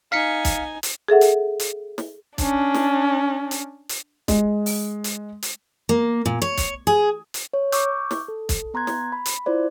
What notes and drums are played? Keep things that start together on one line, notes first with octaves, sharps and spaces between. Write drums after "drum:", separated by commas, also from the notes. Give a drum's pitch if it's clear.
D#4 F5 G#5 B6 C#7
drum: kick, hi-hat
drum: hi-hat
G#4 A4 E5 F#5
drum: hi-hat
drum: hi-hat
drum: snare
C#4 D4, drum: kick, hi-hat
drum: snare
drum: hi-hat
drum: hi-hat
G#3, drum: kick, hi-hat
drum: open hi-hat
drum: hi-hat
drum: hi-hat
A#3
A#2
C#5
drum: kick, hi-hat
G#4
drum: hi-hat
C#5
C#6 D6 E6 G6, drum: hi-hat
drum: snare
A4
drum: kick, hi-hat
B3 A#5 C6 F#6 G#6
drum: snare
B5
drum: hi-hat
E4 F4 C5 D5